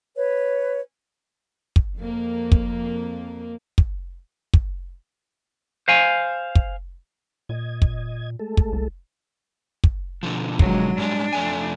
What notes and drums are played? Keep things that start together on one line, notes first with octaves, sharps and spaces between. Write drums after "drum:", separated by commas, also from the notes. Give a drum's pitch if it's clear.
B4 C#5
drum: kick
F2 A#3
drum: kick
drum: kick
drum: kick
C5 F5 G#5
drum: kick
A#2 D#5 G#6
drum: kick
G#3 A3 A4
drum: kick
C2
drum: kick
B2 D3 F3
F#3 G#3, drum: kick
G#2 G3 G#3 D4
F2 A3 G#5